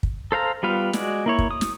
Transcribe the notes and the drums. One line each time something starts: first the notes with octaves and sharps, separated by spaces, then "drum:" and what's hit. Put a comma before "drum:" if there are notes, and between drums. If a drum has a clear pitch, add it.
drum: kick
A4 C5 F5 A#5
G3 B3 F4 B4 F5
G#3 F#4 D5, drum: snare
A#3 E4 C#5
drum: kick
D#6
drum: snare